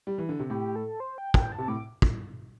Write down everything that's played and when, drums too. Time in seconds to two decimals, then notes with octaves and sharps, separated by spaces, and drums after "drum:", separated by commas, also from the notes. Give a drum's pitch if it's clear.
0.07 G3
0.18 E3
0.29 D3
0.40 C3
0.50 A2 G4
0.76 A4
1.00 C5
1.18 G5
1.34 G5, drum: kick
1.52 A5
1.58 C3
1.68 A2 D6
2.02 drum: kick